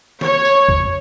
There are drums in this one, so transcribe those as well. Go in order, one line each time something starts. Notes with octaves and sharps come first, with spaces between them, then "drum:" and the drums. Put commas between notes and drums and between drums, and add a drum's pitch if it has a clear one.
C#5, drum: snare
drum: tambourine
drum: kick